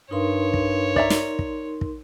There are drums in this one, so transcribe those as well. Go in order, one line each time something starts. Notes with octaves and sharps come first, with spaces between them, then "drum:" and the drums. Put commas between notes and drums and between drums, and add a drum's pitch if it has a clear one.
G2 D#4 A#4 C#5 C6
drum: kick
D5 E5 A#5, drum: kick
drum: snare
drum: kick
drum: kick